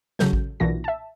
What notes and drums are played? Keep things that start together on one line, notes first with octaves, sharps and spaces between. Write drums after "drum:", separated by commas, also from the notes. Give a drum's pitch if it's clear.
A1 C#3 F#3 A4 G6, drum: snare
drum: kick A1
B1 A#2 E3 D4 F#4 A#6
E5 A5